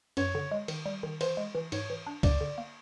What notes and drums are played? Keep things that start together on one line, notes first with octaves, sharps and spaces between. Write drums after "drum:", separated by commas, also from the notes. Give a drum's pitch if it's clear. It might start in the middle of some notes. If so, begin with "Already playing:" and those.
F#2 C#5, drum: cymbal
D3
G#3
D#3, drum: cymbal
G3
D#3
E3 C5, drum: cymbal
G#3
E3
G#2 C#5, drum: cymbal
E3
D4
G2 D5, drum: kick C#2, cymbal
D3
A#3